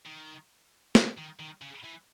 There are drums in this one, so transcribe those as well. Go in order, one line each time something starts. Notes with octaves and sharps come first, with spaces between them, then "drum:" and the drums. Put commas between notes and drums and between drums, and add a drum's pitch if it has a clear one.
D#3
C#3, drum: snare
D#3
D#3
C#3
E3